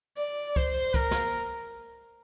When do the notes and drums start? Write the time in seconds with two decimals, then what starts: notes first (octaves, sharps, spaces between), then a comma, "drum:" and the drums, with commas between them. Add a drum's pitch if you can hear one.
0.17 D5
0.56 C5, drum: kick
0.94 A#4, drum: kick
1.11 drum: snare